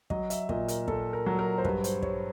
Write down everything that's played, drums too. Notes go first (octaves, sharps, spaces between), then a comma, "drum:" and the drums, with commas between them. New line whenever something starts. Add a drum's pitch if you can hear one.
F#3 D#5, drum: kick
E5, drum: hi-hat
A#2 D#5, drum: kick
A#4, drum: hi-hat
A#2 A4, drum: kick
A#4
F#3
A#4
C5
G2 B4, drum: kick
C5, drum: hi-hat
G3 C#5, drum: kick